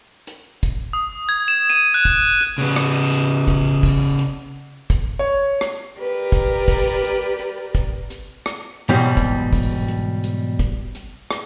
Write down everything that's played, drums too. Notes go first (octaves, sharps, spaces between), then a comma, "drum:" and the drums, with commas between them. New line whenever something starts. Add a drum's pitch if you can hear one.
drum: hi-hat
drum: kick, hi-hat
D#6
G#6
E7
D#7, drum: hi-hat
F#6
drum: kick, hi-hat
drum: hi-hat
C#3 B3
drum: rim click
drum: hi-hat
drum: kick, hi-hat
drum: kick, open hi-hat
drum: hi-hat
drum: kick, hi-hat
C#5
drum: rim click
G4 A#4 B4 D5
drum: kick, hi-hat
drum: kick, open hi-hat
drum: hi-hat
drum: hi-hat
drum: kick, hi-hat
drum: hi-hat
drum: rim click
G#2 B2 E3 F#3 G3 C4
drum: kick, hi-hat
drum: kick, open hi-hat
drum: hi-hat
drum: hi-hat
drum: kick, hi-hat
drum: hi-hat
drum: rim click